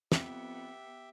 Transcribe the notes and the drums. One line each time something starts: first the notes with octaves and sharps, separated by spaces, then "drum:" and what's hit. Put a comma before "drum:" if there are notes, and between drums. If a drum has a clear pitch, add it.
F2 B3 G4 E5, drum: snare